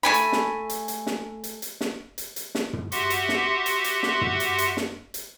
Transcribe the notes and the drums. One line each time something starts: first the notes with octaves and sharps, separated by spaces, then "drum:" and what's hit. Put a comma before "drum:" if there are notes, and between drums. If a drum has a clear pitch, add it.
A3 F#4 G#5 B5
drum: hi-hat
drum: snare
drum: hi-hat
drum: hi-hat
drum: snare
drum: hi-hat
drum: hi-hat
drum: snare
drum: hi-hat
drum: hi-hat
drum: snare
drum: tom
F#4 G4 E5 F#5 C6, drum: hi-hat
drum: hi-hat
drum: snare
drum: hi-hat
drum: hi-hat
drum: snare
drum: tom
drum: hi-hat
drum: hi-hat
drum: snare
drum: hi-hat